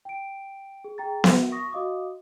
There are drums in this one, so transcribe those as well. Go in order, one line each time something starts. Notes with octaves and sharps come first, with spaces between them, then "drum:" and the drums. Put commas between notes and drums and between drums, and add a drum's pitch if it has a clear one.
G5 D7
G#4
G#4 G5 A#5 A6
E5 F#5, drum: snare B3
C#6 D#6 A#6
F#4 D#5 F5 D6 D#6